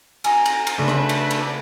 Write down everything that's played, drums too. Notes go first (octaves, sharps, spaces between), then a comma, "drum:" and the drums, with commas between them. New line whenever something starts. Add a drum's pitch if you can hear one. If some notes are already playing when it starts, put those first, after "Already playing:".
G#5 A#5, drum: cymbal
drum: cymbal
drum: cymbal
C#3 A3 D4 B4 E5 C6 B6
drum: rim click
drum: cymbal
drum: cymbal